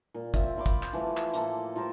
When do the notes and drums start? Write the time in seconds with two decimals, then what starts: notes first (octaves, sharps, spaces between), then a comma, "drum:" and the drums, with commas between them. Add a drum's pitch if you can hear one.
0.14 A#2
0.34 C4 F4 E5, drum: kick, hi-hat
0.57 F4 B5 C6 D6
0.66 drum: kick, hi-hat
0.83 drum: clap
0.93 E3 F3 A3
1.17 drum: clap
1.34 A2 A#3 A4, drum: hi-hat
1.76 F4 G4 A#4 C5